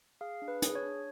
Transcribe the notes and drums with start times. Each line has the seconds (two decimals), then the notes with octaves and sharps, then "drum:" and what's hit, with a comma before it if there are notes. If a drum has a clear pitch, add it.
0.21 G#4 F5
0.42 D4
0.48 B4
0.62 G#4, drum: hi-hat
0.75 C#5
0.83 D4